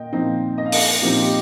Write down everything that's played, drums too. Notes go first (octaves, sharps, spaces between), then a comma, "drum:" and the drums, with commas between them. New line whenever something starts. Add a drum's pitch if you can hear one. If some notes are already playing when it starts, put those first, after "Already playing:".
Already playing: A#2 D#5 G5
A#2 F3 C4 D#4
D#5
F5
D#5, drum: open hi-hat
A#2 F3 C4 D#4 G4
G4